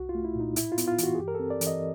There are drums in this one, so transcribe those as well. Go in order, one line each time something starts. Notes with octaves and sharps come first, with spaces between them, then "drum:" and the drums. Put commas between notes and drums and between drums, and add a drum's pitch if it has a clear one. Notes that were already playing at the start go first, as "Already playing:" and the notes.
Already playing: C2 F#4
F4
A3
E4
A#2 D#4
A2 E4, drum: hi-hat
F4
B3, drum: hi-hat
F4
E3, drum: hi-hat
F#4
G#4
G2 G4
A#4
C4 A4
D5
E3, drum: hi-hat
D#5